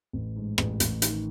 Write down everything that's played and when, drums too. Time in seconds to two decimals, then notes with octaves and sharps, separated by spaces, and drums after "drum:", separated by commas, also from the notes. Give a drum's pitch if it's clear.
0.13 A1
0.36 G#2
0.58 A1, drum: rim click
0.80 A1, drum: hi-hat
1.02 D#3, drum: hi-hat